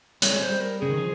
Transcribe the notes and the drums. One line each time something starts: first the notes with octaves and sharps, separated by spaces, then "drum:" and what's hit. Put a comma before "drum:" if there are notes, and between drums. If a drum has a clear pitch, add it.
G3 C#5, drum: hi-hat
G#3
G3 C5
A#4
C#3 G#4
D#3
F3